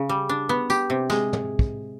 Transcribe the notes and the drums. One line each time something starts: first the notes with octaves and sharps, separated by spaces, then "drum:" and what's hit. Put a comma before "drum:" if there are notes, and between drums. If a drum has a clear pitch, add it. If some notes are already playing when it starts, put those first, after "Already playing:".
Already playing: C#3
G3
D4
B3
G4, drum: tambourine
C3
G#3, drum: snare
drum: tom
drum: kick